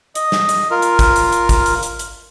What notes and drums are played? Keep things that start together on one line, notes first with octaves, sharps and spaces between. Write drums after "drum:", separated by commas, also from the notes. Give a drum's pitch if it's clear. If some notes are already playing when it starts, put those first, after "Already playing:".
D#5, drum: hi-hat
drum: snare
drum: hi-hat
F4 A#4
drum: hi-hat
drum: kick G#1, hi-hat
drum: hi-hat
drum: hi-hat
drum: kick G#1, hi-hat
drum: hi-hat
drum: hi-hat
drum: hi-hat